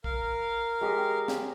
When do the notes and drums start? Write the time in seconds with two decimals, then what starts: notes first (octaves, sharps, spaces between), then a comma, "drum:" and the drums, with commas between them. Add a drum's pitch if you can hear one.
0.04 A#4 F5, drum: kick
0.81 G#3 G4 D#5
1.28 drum: snare